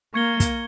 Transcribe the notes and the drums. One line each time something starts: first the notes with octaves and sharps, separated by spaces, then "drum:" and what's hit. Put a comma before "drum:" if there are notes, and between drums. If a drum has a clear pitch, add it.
A#3 C#6 G#6 C#7 G7
drum: kick, hi-hat